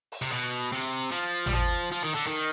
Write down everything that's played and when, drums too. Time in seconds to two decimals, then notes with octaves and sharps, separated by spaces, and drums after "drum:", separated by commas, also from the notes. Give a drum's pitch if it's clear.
0.12 drum: open hi-hat
0.22 C3
0.32 B2
0.72 C3
1.11 F3
1.46 G3, drum: tom G#1
1.52 F3
1.92 F3
2.04 D#3
2.15 D3
2.27 D#3